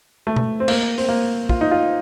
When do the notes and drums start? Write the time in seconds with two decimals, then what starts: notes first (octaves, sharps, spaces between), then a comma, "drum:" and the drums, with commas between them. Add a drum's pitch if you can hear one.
0.27 A3
0.36 drum: tom B2
0.60 C4
0.68 A#3, drum: cymbal
0.98 C4, drum: open hi-hat
1.09 A#3
1.49 F4, drum: kick
1.61 D#4
1.71 F4